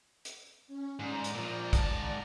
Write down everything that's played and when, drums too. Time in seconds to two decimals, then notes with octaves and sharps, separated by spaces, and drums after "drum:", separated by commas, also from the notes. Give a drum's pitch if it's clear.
0.25 drum: hi-hat
0.67 C#4
0.99 G#2 D5 A#5
1.24 drum: hi-hat
1.35 A#2 F3
1.73 G#2 A5, drum: kick, hi-hat